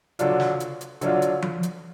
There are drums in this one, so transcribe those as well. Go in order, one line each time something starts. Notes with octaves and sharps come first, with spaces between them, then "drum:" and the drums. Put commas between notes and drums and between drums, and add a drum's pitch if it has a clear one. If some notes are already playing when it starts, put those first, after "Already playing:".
D3 F#3 D4 F4, drum: hi-hat
drum: snare
drum: hi-hat
drum: hi-hat
D3 F#3 D4 F4, drum: hi-hat
drum: hi-hat
drum: tom F3
drum: hi-hat